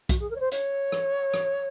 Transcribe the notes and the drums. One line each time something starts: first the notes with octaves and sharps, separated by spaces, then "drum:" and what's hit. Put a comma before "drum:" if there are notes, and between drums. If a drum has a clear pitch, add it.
F#4, drum: kick B1, hi-hat
G#4
A#4
C#5
C5
C#5, drum: hi-hat
drum: rim click
drum: rim click